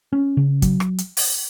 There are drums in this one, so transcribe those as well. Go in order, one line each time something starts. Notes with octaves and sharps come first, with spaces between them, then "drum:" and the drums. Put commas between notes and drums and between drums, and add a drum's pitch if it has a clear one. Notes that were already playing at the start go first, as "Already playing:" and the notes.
C#4
C#3
F#3, drum: kick, hi-hat
drum: rim click
drum: hi-hat
drum: open hi-hat